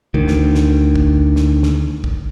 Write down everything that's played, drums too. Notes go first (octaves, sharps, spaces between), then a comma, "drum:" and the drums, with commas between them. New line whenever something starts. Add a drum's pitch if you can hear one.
D2 D#3
drum: snare
drum: snare
drum: kick
drum: snare
drum: snare
drum: kick